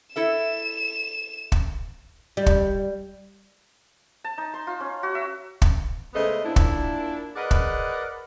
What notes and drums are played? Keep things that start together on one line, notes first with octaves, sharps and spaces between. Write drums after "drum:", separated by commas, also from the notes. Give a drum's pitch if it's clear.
E4 A4 E5 E7
drum: kick
G3
drum: kick
A5
D#4
C6
F4
C#4
F#4
E5
drum: kick
C#3 G#3 A3 B3 C5 D#5
A#2 D4 E4
drum: kick
G#4 A#4 B4 D5 D#5 F#5
drum: kick